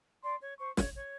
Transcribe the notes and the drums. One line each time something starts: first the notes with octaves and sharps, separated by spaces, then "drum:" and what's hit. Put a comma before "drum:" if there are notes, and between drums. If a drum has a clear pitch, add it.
D5 C6
C#5
C5 C#6
C#5, drum: snare
C#5